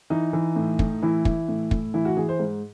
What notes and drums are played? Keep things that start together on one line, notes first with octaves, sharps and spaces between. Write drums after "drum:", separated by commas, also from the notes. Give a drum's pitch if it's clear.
E3 D#4
E3
A2
A2, drum: kick
E3 E4
E3, drum: kick
A2
A2, drum: kick
E3 E4
F#4
E3 G#4
C5
G#2